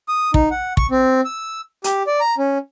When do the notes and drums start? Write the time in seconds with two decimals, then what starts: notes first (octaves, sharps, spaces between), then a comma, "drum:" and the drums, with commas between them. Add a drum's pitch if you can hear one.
0.08 D#6
0.34 D#4, drum: kick
0.51 F#5
0.77 C#6, drum: kick
0.91 C4
1.25 E6
1.84 G4, drum: hi-hat
2.07 D5
2.21 A#5
2.38 C#4